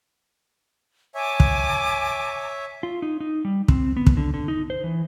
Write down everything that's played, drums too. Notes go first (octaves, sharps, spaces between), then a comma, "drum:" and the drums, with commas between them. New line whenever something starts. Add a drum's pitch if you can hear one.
C#5 E5 G#5 A5 D6
drum: kick
F4
D#4
D#4
G3
C4, drum: kick
B3
drum: kick
D3
D3
D#4
C5
E3